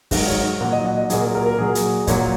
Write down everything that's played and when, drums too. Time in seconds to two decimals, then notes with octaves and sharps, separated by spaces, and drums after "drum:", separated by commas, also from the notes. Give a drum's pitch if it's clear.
0.11 G#2 D#3 F#3, drum: kick, open hi-hat
0.28 C#5
0.61 A#2 F#3 F#5
0.72 D#5
0.86 F#5
0.98 D#5
1.10 A#2 F#3 G#4, drum: hi-hat
1.22 A#4
1.35 A#4
1.46 A#4
1.58 A#2 F#3 G#4
1.75 drum: hi-hat
2.07 A#2 F#3 C#5, drum: kick, hi-hat